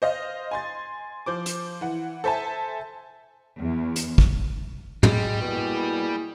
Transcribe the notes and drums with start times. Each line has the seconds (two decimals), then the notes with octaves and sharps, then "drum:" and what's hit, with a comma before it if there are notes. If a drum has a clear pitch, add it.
0.02 C5 D#5 F5 A#6
0.51 G#5 C6 A6
1.26 F3 C5 D6
1.46 drum: hi-hat
1.81 E3 F#5
2.24 A4 C5 E5 G#5 A5
3.60 E2
3.96 drum: hi-hat
4.18 drum: kick
5.03 G3 G#3, drum: tom
5.41 B2 A#3 E4 G#4